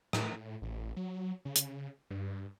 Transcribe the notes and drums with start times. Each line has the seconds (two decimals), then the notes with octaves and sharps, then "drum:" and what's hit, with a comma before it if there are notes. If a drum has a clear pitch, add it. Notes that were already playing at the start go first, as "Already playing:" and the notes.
0.13 A2, drum: rim click
0.62 A1
0.97 F#3
1.45 C#3
1.56 drum: hi-hat
2.10 G2